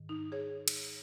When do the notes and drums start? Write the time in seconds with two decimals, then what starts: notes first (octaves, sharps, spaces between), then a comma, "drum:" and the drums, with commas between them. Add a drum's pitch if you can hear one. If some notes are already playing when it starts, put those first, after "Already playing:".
Already playing: G#2 D#3
0.09 D#4
0.32 G#4 C#5
0.68 drum: cymbal